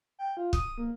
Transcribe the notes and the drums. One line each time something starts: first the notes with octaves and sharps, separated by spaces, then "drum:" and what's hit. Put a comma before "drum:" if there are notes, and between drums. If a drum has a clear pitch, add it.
G5
F4
D#6, drum: kick
A#3